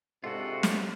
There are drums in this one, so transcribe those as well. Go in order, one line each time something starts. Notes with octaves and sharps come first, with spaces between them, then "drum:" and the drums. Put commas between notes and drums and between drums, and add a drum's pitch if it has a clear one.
G#2 C3 G#3 D4 F4 F#4 A4
drum: snare